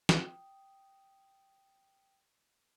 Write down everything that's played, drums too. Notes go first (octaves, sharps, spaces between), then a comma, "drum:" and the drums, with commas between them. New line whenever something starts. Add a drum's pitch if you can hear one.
G5 D#6, drum: snare